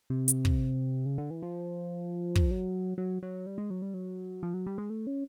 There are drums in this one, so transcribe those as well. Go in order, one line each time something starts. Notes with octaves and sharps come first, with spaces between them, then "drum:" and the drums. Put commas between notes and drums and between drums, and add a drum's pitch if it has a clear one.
C3
drum: hi-hat
drum: kick
C#3
D3
E3
F3
drum: kick
F#3
F#3
F#3
G3
G#3
F#3
G3
F#3
F3
F#3
G3
G#3
A3
C#4